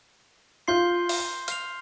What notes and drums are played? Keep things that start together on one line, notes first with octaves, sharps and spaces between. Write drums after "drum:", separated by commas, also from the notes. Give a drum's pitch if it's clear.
F4 C6 G6 C7 G7
drum: open hi-hat
F6 C7 F7, drum: hi-hat